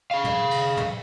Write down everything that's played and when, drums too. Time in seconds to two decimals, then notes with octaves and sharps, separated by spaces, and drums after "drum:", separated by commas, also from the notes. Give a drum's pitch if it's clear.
0.11 G#4 F5
0.24 drum: tom
0.51 drum: cymbal
0.77 drum: tom